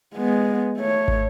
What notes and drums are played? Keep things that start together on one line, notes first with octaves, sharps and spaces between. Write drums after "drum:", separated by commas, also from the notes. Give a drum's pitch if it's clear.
G#3 B3
A3 C#5
drum: kick